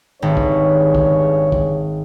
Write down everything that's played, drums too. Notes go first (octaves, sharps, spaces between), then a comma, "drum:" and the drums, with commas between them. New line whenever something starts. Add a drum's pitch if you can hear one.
G#1 G2 C#3 C#5
drum: kick
drum: kick
drum: kick